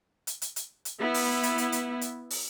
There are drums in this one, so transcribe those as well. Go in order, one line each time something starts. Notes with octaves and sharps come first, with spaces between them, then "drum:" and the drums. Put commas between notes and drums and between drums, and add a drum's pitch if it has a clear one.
drum: hi-hat
drum: hi-hat
drum: hi-hat
drum: hi-hat
B3 E4
drum: open hi-hat
drum: hi-hat
drum: hi-hat
drum: hi-hat
drum: hi-hat
drum: open hi-hat